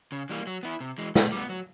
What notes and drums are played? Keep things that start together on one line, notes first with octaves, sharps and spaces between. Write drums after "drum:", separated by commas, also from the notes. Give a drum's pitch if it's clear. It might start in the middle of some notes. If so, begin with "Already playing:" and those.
C#3
E3 G3 A#3
F#3
B3 E4
C3
E3 G#3
B2, drum: snare
G3 B3
F#3